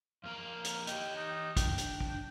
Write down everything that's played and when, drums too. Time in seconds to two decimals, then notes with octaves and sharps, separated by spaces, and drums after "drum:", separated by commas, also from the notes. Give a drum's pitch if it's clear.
0.24 F2 A#3 F5 A#5
0.65 drum: hi-hat
0.87 G4 D#5 G5, drum: hi-hat
1.16 D#4
1.57 D4 G5, drum: kick, hi-hat
1.78 drum: hi-hat
2.01 drum: kick